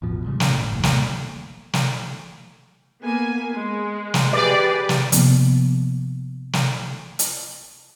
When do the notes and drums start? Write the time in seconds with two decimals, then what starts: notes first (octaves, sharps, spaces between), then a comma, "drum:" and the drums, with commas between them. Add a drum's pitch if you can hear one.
0.02 A1 E2 B2 F3
0.24 G#2 C#3 G3
0.40 C#3, drum: snare
0.53 G1 A2
0.73 E1 A#1 D#2
0.83 drum: snare
0.92 A#2 C#3 G3 A#3
1.73 drum: snare
3.01 A#3 B3 G#5
3.53 G#3
4.14 drum: snare
4.33 G4 G#4 B4 D5
4.89 drum: snare
5.12 C3 F3 A#3 B3, drum: hi-hat
6.53 drum: snare
7.19 drum: hi-hat